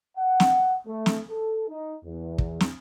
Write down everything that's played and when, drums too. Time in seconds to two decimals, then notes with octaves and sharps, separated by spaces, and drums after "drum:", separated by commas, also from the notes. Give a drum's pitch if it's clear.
0.18 F#5
0.40 drum: snare
0.87 A3
1.06 drum: snare
1.31 A4
1.69 D#4
2.05 E2
2.38 drum: kick
2.60 drum: snare